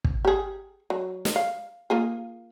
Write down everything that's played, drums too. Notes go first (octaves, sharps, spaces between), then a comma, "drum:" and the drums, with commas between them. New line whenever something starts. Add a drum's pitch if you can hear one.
drum: kick
G4 G#4
F#3
drum: snare
F5
A#3 F4 G#4